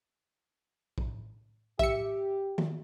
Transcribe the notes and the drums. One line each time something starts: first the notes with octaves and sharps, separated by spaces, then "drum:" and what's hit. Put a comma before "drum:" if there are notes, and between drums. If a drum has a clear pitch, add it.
drum: kick
G4 E5 C#7, drum: kick
drum: tom